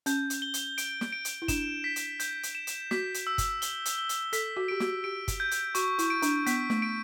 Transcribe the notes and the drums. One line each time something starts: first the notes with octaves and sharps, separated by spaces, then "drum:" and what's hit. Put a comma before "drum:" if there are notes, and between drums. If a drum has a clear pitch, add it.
C#4 G6, drum: hi-hat
drum: hi-hat
G7
drum: hi-hat
D7, drum: hi-hat
drum: snare
D7
drum: hi-hat
E4
D4 E7, drum: kick, hi-hat
B6
drum: hi-hat
G6, drum: hi-hat
drum: hi-hat
E7
drum: hi-hat
F#4 B6, drum: snare
drum: hi-hat
E6
drum: kick, hi-hat
G7, drum: hi-hat
drum: hi-hat
G7
drum: hi-hat
A4 B6, drum: hi-hat
F#4
G4 D7
F#4, drum: snare
G4 D7
drum: kick, hi-hat
G6
drum: hi-hat
F#4 C#6, drum: hi-hat
E4, drum: hi-hat
D7
D4, drum: hi-hat
B3 B6, drum: hi-hat
A3, drum: snare
D7